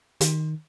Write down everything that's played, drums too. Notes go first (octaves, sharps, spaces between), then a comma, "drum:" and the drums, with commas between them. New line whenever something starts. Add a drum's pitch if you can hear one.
D#3, drum: hi-hat